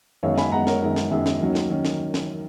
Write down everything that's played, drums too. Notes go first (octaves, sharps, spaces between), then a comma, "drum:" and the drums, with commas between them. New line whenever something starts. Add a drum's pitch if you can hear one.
F#2 D#3 G#3 B3 C#5 F5
G#5 B5, drum: snare
F#2 D#3 G#3 B3 F#5 A#5
A#4 C#5, drum: snare
F#2 D#3 G#3 B3 A#4
drum: snare
F#2 D#3 G#3 B3
drum: snare
D#2 D#3 F#3 C#4
drum: snare
D#3 F#3 C#4
drum: snare
drum: snare